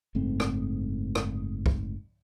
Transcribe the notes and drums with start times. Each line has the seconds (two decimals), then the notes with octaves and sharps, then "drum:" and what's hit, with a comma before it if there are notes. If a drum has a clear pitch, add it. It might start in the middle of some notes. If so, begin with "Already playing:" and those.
0.15 F#1 G#2 A3 C4
0.40 drum: rim click
1.15 drum: rim click
1.66 drum: kick